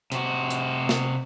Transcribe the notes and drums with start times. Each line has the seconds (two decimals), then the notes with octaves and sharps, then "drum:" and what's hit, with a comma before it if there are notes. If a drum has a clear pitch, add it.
0.12 C3 F#4, drum: hi-hat
0.50 drum: hi-hat
0.89 drum: snare